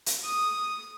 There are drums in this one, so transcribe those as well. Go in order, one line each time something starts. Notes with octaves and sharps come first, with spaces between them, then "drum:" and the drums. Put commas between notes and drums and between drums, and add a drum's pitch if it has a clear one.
drum: hi-hat
D#6